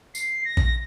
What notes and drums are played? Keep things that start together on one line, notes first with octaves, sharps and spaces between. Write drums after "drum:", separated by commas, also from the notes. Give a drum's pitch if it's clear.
C7, drum: tambourine
A#6
drum: kick A#1